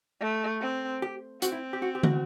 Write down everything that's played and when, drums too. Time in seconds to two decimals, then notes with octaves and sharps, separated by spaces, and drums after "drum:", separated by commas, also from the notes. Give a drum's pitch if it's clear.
0.21 A3
0.61 C4
1.02 G4
1.42 C4 F#4, drum: hi-hat
1.52 E4
1.73 G4
1.82 F#4
1.95 G4
2.03 F#4, drum: tom